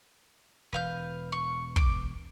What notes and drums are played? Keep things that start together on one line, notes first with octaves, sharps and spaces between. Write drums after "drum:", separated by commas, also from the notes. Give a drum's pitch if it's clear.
E1 E3 B4 F5 G6
C#6
D6, drum: kick